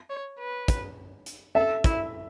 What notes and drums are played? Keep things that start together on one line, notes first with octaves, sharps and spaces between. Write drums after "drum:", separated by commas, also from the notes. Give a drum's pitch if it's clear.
C#5
B4
drum: kick, hi-hat
drum: hi-hat
A4 E5
E4, drum: kick, hi-hat